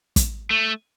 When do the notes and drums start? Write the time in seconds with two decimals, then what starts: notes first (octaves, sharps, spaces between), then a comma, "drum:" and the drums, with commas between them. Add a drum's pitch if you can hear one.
0.16 drum: kick, hi-hat
0.50 A3